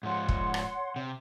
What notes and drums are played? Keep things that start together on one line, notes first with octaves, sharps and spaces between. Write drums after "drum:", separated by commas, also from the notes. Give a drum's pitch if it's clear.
G#2 F3 C#5 F#5 C6
drum: kick
drum: rim click
C3